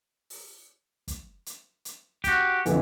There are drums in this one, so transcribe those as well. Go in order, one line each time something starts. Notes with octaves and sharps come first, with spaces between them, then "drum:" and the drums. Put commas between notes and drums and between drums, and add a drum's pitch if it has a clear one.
drum: open hi-hat
drum: kick, hi-hat
drum: hi-hat
drum: hi-hat
F#4 G4, drum: kick, hi-hat
F2 D3 E3, drum: hi-hat